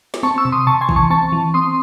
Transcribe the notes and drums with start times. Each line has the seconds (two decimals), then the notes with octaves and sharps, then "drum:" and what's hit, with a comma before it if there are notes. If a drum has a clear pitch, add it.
0.14 drum: snare
0.23 C4 A5 C#6
0.38 C#6 E6
0.45 C3
0.52 C6 D#6
0.67 C3 A5 C#6
0.81 G#5 C6
0.89 E3, drum: kick
0.96 A5 C#6
1.10 C4 A5 C#6
1.32 E3
1.54 C4 C6 D#6